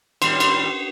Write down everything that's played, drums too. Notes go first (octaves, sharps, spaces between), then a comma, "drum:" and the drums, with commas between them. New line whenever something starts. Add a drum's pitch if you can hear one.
D#2 A2 G3 C6, drum: cymbal
drum: cymbal